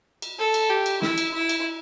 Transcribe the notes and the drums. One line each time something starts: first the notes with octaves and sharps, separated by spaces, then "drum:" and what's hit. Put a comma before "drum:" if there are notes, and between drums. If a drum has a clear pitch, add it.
drum: cymbal
A4
drum: cymbal
G4
drum: cymbal
E4, drum: snare
drum: cymbal
E4
drum: cymbal